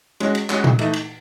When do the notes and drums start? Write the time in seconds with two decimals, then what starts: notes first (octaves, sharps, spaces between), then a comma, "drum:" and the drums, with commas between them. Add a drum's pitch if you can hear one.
0.20 G#3 C#4 F#4, drum: cymbal
0.35 drum: cymbal
0.50 G#3 C#4 F#4, drum: clap
0.64 drum: tom A#2
0.79 E3 A3 D#4, drum: cymbal
0.93 drum: cymbal